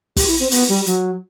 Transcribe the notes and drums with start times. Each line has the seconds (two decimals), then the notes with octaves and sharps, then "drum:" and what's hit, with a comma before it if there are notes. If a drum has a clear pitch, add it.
0.16 G4, drum: kick, open hi-hat
0.28 E4
0.40 C4
0.51 B3, drum: open hi-hat
0.69 G3
0.86 F#3, drum: hi-hat